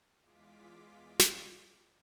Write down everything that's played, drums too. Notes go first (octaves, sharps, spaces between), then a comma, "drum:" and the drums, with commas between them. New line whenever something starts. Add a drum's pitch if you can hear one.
E2 G#3 F4 D6 B6
drum: snare